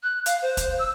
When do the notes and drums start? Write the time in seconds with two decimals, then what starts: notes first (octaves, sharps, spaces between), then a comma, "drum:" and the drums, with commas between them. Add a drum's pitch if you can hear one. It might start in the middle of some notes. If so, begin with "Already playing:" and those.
0.03 F#6
0.26 F5, drum: hi-hat
0.42 C5
0.57 drum: kick, hi-hat
0.79 E6